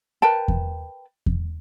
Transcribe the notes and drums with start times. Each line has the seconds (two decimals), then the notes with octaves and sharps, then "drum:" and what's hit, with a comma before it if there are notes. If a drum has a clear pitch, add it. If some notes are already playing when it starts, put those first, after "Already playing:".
0.22 A#4 B4 G5 A5
0.48 drum: kick E2
1.26 drum: kick E2